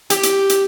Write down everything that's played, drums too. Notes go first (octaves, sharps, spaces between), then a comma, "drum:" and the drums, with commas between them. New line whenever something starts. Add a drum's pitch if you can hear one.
G4, drum: hi-hat
drum: hi-hat
drum: hi-hat